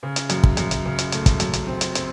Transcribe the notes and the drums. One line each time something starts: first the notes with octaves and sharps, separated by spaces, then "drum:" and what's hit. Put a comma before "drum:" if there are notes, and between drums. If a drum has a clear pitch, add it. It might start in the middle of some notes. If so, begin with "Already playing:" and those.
C#3
drum: hi-hat
F#2, drum: hi-hat
drum: kick
F#2, drum: hi-hat
drum: hi-hat
C#3
drum: hi-hat
A3, drum: hi-hat
drum: kick, hi-hat
F#2, drum: hi-hat
drum: hi-hat
C4
drum: hi-hat
C4, drum: hi-hat